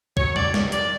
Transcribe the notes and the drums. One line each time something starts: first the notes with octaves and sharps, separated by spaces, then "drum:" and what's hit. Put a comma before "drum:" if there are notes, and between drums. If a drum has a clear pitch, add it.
F#3 C#5, drum: kick
F#3 D5, drum: tom E2
G2, drum: snare
D#3 D5, drum: hi-hat